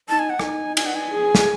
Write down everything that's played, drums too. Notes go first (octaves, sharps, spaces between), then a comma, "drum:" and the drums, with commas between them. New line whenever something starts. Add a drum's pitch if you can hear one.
D#4 A5
G#5
F#5
D#4 G#5, drum: rim click
G#5, drum: cymbal
F#5
G#5
G#4
drum: snare